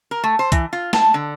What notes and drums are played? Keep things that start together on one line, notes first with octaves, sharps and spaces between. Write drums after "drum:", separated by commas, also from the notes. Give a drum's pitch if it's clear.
A#4
A3
C5
E3, drum: kick, hi-hat
F4
A5, drum: snare
D3